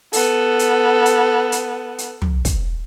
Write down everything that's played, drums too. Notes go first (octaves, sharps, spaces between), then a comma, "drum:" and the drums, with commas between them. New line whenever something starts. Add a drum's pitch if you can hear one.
B3 A4, drum: open hi-hat
drum: hi-hat
drum: hi-hat
drum: hi-hat
drum: hi-hat
drum: tom
drum: kick, hi-hat